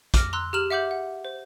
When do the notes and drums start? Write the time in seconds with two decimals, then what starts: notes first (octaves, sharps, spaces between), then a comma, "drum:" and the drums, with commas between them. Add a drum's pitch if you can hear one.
0.14 D6 F6 A#6, drum: kick, hi-hat
0.33 A#5 C6 E6 F#6
0.53 G4 G#4 A#5 F6 E7 F#7
0.70 E5 F#5 D6 G6 F#7
0.91 F#5
1.25 C5